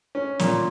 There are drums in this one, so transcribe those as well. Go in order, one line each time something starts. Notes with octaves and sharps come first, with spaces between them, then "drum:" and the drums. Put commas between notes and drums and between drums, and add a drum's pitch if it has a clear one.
C#4
A#2, drum: snare